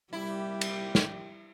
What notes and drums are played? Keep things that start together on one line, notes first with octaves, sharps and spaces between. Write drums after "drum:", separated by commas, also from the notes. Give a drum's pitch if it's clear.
C2 A#2 G3 E4 G4
drum: cymbal
drum: snare